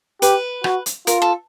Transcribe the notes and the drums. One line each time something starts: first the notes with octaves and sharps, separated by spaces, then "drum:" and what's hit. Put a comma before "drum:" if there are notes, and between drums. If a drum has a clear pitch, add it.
G4 B4, drum: hi-hat
F#4, drum: rim click
drum: hi-hat
F4 A#4, drum: hi-hat
A4